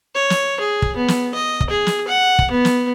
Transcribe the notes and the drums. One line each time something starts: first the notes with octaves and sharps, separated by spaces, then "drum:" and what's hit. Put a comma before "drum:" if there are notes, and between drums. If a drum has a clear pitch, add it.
C#5
drum: snare
G#4
drum: kick
B3
drum: snare
D#5
drum: kick
G#4
drum: snare
F#5
drum: kick
B3
drum: snare